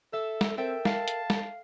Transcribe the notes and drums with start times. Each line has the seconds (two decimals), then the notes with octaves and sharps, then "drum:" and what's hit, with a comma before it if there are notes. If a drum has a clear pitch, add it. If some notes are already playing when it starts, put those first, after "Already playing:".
0.13 A4 E5
0.41 drum: snare
0.57 C4 A4 A#4 E5 G5
0.85 F5 A5, drum: snare
1.08 drum: hi-hat
1.30 drum: snare